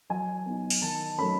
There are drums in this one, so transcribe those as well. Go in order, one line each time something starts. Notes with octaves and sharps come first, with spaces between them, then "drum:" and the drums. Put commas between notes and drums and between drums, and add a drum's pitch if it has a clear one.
F#3 G#5
B3 D#4
drum: open hi-hat
D#3 A5
F#3 A3 C#4 B5